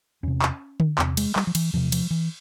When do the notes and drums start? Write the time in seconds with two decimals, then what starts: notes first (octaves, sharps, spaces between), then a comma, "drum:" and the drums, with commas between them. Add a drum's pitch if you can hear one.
0.23 E2 C3 C#4
0.42 drum: clap
0.80 drum: tom D3
0.98 E2 C3 C4, drum: clap
1.17 G#3, drum: cymbal
1.36 G3, drum: clap
1.47 F3
1.55 E3, drum: cymbal
1.73 E2 C3 F3
1.92 F3, drum: cymbal
2.11 E3